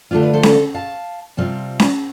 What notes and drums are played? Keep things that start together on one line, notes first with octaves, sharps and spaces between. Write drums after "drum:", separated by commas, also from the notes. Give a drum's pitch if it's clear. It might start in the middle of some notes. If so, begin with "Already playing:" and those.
D3 A3 D4 F4 C5
B4
A4 C5
drum: snare C#4
F5 A5
C3 G3 C4 F4 F5 A5
drum: snare C#4